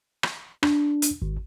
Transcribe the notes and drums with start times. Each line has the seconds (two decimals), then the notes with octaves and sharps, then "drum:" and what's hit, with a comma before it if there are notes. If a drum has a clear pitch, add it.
0.23 drum: rim click
0.63 D4, drum: rim click
1.02 drum: hi-hat
1.22 G#1